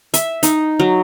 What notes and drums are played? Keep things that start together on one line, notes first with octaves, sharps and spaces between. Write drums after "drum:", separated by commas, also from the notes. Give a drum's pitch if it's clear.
E5, drum: hi-hat
D#4, drum: hi-hat
F#3